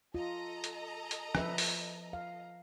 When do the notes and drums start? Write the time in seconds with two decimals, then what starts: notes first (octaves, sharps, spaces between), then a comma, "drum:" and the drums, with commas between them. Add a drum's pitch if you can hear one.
0.14 F4 A4 D#5 A#5
0.64 drum: hi-hat
1.11 drum: hi-hat
1.35 F3 B4 E5, drum: rim click
1.58 drum: open hi-hat
2.13 F5